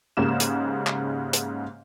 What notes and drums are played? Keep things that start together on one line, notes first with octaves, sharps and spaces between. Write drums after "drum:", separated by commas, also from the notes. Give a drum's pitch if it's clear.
G#2 C#3 A#3 G4 E7
drum: hi-hat
drum: clap
drum: hi-hat